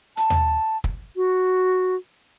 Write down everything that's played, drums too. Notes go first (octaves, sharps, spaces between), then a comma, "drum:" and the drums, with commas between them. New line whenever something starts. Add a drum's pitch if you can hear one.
A5, drum: hi-hat
drum: tom D#2
drum: kick
F#4